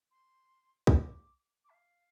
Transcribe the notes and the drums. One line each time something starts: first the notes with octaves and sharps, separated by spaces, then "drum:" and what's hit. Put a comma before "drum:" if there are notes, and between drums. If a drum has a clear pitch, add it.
C6
C6, drum: kick
D6
D6
E5
F5